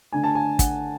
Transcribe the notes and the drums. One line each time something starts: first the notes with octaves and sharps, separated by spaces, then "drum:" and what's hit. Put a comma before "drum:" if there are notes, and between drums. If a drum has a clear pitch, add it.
D3 A3 D4 G#5
A5
G#5
F#5, drum: kick, hi-hat